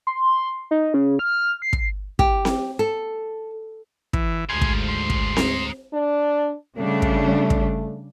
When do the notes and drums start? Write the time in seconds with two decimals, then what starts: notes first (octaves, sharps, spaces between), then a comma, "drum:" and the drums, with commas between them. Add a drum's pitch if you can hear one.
0.07 C6
0.71 D#4
0.94 C#3
1.19 F6
1.62 C7
1.73 drum: kick
2.19 G4, drum: kick
2.45 drum: snare C4
2.79 A4
4.13 E3, drum: kick
4.49 D2 G#2 C#3 F3 G#5 C6
4.61 drum: kick
4.88 C6
5.10 drum: kick
5.37 G#4 A#5, drum: snare C4
5.94 D4
6.78 C#3 G3 A3 D4
7.02 drum: kick
7.50 drum: kick